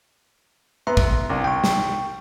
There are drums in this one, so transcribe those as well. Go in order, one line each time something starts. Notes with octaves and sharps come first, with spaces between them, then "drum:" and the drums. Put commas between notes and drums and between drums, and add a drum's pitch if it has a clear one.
B3 E5 A#5 C6
drum: kick
C2
G5 C#6
drum: snare